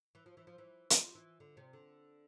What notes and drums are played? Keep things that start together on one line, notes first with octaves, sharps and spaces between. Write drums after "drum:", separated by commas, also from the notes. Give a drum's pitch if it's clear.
E3
F3
E3
F3
E3
F3, drum: hi-hat
E3
D3
C3
D3